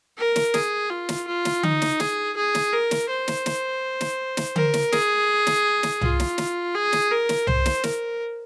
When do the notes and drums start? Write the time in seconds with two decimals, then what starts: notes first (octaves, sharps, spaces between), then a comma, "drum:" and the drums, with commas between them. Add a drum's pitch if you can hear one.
0.18 A#4
0.36 drum: snare
0.54 G#4, drum: snare
0.90 F4
1.09 drum: snare
1.27 F4
1.45 drum: snare
1.63 D#4, drum: tom D3
1.82 drum: snare
2.00 G#4, drum: snare
2.36 G#4
2.55 drum: snare
2.73 A#4
2.91 drum: snare
3.09 C5
3.28 drum: snare
3.46 drum: snare
4.01 drum: snare
4.37 drum: snare
4.56 A#4, drum: tom D3
4.74 drum: snare
4.92 G#4, drum: snare
5.47 drum: snare
5.83 drum: snare
6.01 F4, drum: tom C2
6.20 drum: snare
6.38 drum: snare
6.74 G#4
6.93 drum: snare
7.11 A#4
7.29 drum: snare
7.47 C5, drum: tom C2
7.66 drum: snare
7.84 A#4, drum: snare